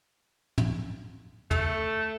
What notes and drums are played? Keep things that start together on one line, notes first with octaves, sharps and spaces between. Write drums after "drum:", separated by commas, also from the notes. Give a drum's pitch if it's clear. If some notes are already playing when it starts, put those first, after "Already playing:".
drum: tom
A3, drum: tom